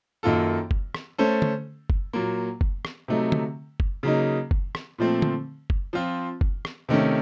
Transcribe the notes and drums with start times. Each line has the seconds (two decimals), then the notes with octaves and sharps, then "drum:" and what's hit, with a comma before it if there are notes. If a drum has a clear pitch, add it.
0.23 F#2 D#3 A#3 F4 A4
0.71 drum: kick F#1
0.95 drum: rim click
1.18 A3 C#4 A4 C5
1.42 drum: tom D3
1.90 drum: kick F#1
2.13 A#2 F#3 A#3
2.61 drum: kick F#1
2.85 drum: rim click
3.08 C3 F#3 A3 D#4
3.32 drum: tom D3
3.80 drum: kick F#1
4.03 C#3 F#3 A#3 D#4
4.51 drum: kick F#1
4.75 drum: rim click
4.98 A#2 F3 A3 C4
5.22 drum: tom D3
5.70 drum: kick F#1
5.93 F3 C4 F4
6.41 drum: kick F#1
6.65 drum: rim click
6.89 C3 D#3 A3 C#4